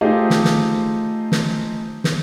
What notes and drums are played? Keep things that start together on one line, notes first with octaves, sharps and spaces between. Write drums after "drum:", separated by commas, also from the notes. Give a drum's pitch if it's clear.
A3 D#4 F4 G4 G#4 C5
drum: snare
drum: snare
drum: snare
drum: snare